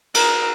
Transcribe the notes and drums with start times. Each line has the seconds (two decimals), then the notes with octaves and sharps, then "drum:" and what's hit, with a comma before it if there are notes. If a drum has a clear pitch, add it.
0.14 A#4, drum: cymbal